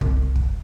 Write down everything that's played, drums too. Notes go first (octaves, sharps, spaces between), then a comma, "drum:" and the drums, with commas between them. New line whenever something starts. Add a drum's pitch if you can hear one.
C2, drum: kick
drum: kick